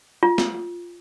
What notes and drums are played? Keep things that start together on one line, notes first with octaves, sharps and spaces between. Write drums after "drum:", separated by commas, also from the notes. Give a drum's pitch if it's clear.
F4
drum: snare